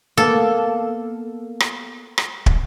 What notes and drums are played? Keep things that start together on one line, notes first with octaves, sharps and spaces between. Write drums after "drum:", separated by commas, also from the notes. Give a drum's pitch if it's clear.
A#3 B3 A4
drum: rim click
drum: rim click
drum: kick